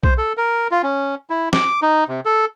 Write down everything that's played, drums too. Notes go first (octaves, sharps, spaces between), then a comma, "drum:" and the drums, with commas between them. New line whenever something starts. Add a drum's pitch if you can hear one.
C5, drum: kick B1
A4
A#4
F4
C#4
E4
D6, drum: snare
D#4
C3
A4